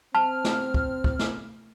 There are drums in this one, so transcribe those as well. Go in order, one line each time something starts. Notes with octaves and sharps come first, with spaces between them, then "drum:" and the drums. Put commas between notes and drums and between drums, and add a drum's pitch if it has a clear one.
C4 A5 F6
drum: snare
drum: kick
drum: kick
drum: snare